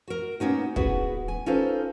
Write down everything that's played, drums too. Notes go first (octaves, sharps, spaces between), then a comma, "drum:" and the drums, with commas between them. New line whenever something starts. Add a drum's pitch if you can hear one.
F#4 A#4
A#3 B3 C#4 D#4 F#4
B3 E4 F#4 G#4 B4, drum: kick
G#5
C#4 D#4 F4 A4 B4 C5